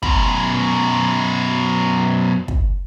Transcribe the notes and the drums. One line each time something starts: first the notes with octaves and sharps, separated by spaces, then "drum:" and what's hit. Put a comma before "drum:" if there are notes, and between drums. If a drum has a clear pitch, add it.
F#2 B2, drum: kick
drum: kick